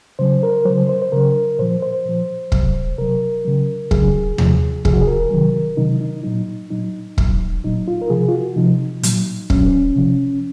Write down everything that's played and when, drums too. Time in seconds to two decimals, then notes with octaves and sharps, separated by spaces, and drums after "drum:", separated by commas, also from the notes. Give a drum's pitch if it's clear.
0.19 C#3 F#3 C5
0.43 A#4
0.65 C#3 F#3 C5
0.89 C5
1.02 C5
1.12 C#3 F#3 A#4
1.59 A#2 F3 C5
1.82 C5
2.05 A#2 F3
2.52 C3 F#3, drum: kick
2.98 C3 F#3 A#4
3.45 C#3 F#3
3.91 C#3 F#3 G#4, drum: kick
4.38 C3 F3, drum: tom D#2
4.85 C3 F3 G#4, drum: kick
4.93 F#4
5.01 G#4
5.07 A#4
5.31 C3 D#3 F#3
5.77 C3 D#3 F#3 D#4
6.01 D#4
6.24 A#2 F#3 D#4
6.70 A#2 F#3 D#4
7.18 A#2 F#3, drum: kick
7.64 A#2 F#3 D#4
7.88 F4
8.02 A#4
8.10 C3 F3 G#4
8.29 F4
8.33 F#4
8.56 C3 F3 D#4
9.03 A#2 F#3, drum: hi-hat
9.50 A#2 F#3 C#4, drum: kick
9.96 C3 F3